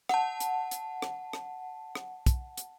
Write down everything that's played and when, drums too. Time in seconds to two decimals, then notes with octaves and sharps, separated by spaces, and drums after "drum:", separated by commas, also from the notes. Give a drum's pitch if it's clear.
0.09 F#5 A5, drum: rim click
0.40 drum: hi-hat
0.71 drum: hi-hat
1.02 drum: rim click
1.33 drum: rim click
1.95 drum: rim click
2.26 drum: kick, hi-hat
2.57 drum: hi-hat